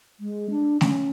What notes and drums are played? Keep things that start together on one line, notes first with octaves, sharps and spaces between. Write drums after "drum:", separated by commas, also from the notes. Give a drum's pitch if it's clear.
G#3
D4
C#4, drum: snare A3